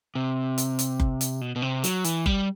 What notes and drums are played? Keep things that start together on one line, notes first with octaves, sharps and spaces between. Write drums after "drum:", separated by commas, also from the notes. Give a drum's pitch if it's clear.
C3
drum: hi-hat
drum: hi-hat
drum: kick F#1
drum: hi-hat
B2
B2
C3
F#3, drum: hi-hat
E3, drum: hi-hat
G3, drum: kick F#1